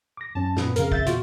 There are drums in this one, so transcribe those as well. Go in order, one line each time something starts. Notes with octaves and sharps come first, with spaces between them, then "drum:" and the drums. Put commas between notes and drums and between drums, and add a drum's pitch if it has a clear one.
D6 A#6
F#2 C#4 A5
A#2 B3, drum: snare
F2 C#3 A#4 F5, drum: hi-hat
E5 G6 A6, drum: kick
E2 A#2 F4 F#4, drum: hi-hat